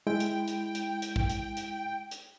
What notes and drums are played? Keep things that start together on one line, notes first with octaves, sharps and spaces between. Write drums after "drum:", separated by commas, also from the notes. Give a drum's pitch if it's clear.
G#3 E4 G5
drum: hi-hat
drum: hi-hat
drum: hi-hat
drum: hi-hat
drum: kick
drum: hi-hat
drum: hi-hat
drum: hi-hat